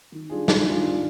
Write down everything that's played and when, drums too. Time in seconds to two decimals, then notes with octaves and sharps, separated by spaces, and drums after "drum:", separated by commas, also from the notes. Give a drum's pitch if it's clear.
0.12 D#3
0.30 G3 D4 F4 G#4
0.48 D#3, drum: snare
0.65 G3 D4 F4 G#4
0.83 D#3